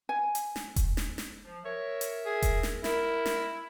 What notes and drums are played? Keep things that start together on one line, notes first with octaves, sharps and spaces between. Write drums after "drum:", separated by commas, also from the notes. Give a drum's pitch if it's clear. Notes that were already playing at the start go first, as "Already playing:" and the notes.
G#5
drum: hi-hat
drum: snare
drum: kick E1, hi-hat
drum: snare
drum: snare
F3
A#4 C#5 E5
drum: hi-hat
G#4
drum: kick E1, hi-hat
drum: snare
E4 A#4, drum: snare
drum: snare